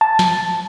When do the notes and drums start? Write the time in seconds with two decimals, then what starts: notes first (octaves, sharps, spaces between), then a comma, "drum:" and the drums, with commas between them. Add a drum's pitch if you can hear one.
0.01 A5
0.19 drum: snare